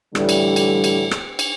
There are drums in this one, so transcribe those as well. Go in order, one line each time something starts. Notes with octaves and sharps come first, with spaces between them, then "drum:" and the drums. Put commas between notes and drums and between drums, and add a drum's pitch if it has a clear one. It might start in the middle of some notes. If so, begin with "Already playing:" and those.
A2 D3 E3 G3, drum: rim click
drum: cymbal
drum: cymbal
drum: cymbal
drum: rim click
drum: cymbal